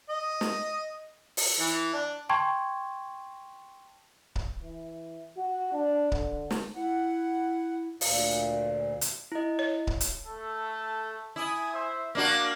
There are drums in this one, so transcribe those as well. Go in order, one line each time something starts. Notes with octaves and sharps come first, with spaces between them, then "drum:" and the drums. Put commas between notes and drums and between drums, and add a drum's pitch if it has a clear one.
D#5
drum: snare
drum: open hi-hat
E3
D4
G5 A5 C6 C#6 G#6
drum: kick C#1
E3
F#4
D4
D3, drum: kick C#1
drum: snare
E4 F#5
D2 A#2 F5, drum: open hi-hat
drum: hi-hat
E4 D#5
C#5
drum: kick C#1
drum: hi-hat
A3 A4
E4 G#5 D#6
C5 E5
A#3 D4 F#4 F5